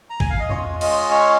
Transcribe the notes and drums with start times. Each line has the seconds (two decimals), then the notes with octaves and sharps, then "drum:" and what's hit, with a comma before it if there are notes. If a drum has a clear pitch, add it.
0.10 A#5
0.20 G#5, drum: kick G#1
0.30 F5
0.40 D#5
0.49 G#3 C#4 F4 C#5, drum: tom E2
0.81 D#5, drum: cymbal
1.11 C#5